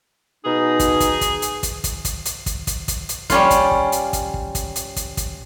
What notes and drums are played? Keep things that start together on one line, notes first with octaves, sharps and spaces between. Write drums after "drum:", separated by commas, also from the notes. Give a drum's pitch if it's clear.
B2 D#4 G#4
drum: kick, hi-hat
drum: kick, hi-hat
drum: kick, hi-hat
drum: hi-hat
drum: kick, hi-hat
drum: kick, hi-hat
drum: kick, hi-hat
drum: hi-hat
drum: kick, hi-hat
drum: kick, hi-hat
drum: kick, hi-hat
drum: hi-hat
G3 C#4 F4, drum: kick, hi-hat
drum: kick, hi-hat
drum: kick
drum: hi-hat
drum: kick, hi-hat
drum: kick
drum: kick, hi-hat
drum: hi-hat
drum: kick, hi-hat
drum: kick, hi-hat